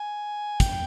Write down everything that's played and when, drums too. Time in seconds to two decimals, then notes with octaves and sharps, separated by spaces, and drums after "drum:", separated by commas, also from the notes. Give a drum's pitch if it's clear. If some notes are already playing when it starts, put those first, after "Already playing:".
Already playing: G#5
0.60 G5, drum: kick, hi-hat